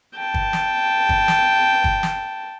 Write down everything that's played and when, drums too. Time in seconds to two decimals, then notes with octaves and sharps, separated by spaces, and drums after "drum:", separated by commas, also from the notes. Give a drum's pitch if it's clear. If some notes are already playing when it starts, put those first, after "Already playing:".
0.16 G5 A5
0.34 drum: kick
0.53 drum: snare
1.09 drum: kick
1.28 drum: snare
1.84 drum: kick
2.03 drum: snare